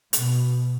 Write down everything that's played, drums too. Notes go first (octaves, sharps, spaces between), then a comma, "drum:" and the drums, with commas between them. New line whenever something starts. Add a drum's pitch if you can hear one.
B2, drum: hi-hat